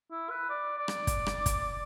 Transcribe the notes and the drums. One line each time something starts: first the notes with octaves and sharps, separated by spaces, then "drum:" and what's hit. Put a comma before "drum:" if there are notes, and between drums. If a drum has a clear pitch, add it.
E4
B4
D5
D5
drum: rim click
drum: kick, hi-hat
drum: rim click
drum: kick, hi-hat